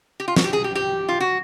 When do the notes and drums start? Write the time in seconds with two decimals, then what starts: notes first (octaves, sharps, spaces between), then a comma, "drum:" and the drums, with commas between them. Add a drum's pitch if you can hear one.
0.20 G4
0.28 F4
0.36 F#4, drum: snare
0.44 G4
0.53 G#4
0.64 G4
0.75 G4
1.09 F4
1.20 F#4